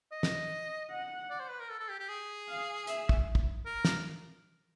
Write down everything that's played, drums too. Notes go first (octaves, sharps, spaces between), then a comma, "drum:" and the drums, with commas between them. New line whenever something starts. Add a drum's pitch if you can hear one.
D#5
drum: snare
F#5
D5
C5
B4
A#4
A4
A4
G4
G4
G#4
F5
E5, drum: hi-hat
drum: kick
drum: kick
A#4
drum: snare